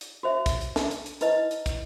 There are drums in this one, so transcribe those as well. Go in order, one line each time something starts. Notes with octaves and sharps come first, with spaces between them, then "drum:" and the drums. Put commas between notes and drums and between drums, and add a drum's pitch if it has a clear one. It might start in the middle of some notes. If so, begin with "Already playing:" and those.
drum: hi-hat
F#4 C5 E5
drum: kick, hi-hat
drum: hi-hat
drum: snare
drum: hi-hat
drum: hi-hat
D#4 E4 B4 D#5, drum: hi-hat
drum: hi-hat
drum: kick, hi-hat